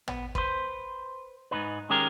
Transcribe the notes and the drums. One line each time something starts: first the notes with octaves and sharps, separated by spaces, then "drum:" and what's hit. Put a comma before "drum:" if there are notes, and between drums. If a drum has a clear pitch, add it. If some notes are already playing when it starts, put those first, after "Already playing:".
B3, drum: tom
B4 C5, drum: kick
G#2 B2 D#4 B4
D#3 G#3 C#4 G4 G#4 A#4